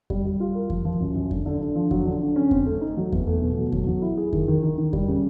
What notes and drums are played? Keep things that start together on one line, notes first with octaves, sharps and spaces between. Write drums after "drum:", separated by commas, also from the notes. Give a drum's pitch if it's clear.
G3, drum: kick F2
G3
F4
A#4
F3, drum: kick F2
F3
F#2
F#2
D3, drum: kick F2
D3
D3
F3
F#3, drum: kick F2
D3
D3
C#4
C4, drum: kick F2
A3
D#4
F#3
E2, drum: kick F2
A3
B2
F#3
F#3, drum: kick F2
F#3
E4
G#4
D#3, drum: kick F2
D#3
D#3
D#3
G3, drum: kick F2
C#3